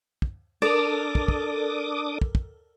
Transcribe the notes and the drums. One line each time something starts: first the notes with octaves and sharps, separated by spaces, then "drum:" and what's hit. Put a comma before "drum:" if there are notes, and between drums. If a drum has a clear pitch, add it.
drum: kick
D4 A4 A#4 D5 D6 D#6
drum: kick
drum: kick
drum: kick
drum: kick